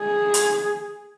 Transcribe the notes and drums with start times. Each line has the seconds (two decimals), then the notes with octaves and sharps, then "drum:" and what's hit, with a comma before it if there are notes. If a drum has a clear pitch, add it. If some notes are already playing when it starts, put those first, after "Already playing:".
Already playing: G#4
0.34 drum: hi-hat